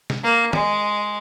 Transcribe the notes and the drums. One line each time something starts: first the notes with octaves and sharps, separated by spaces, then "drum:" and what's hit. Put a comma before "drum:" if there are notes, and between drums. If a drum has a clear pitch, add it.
drum: snare
A#3
G#3, drum: tom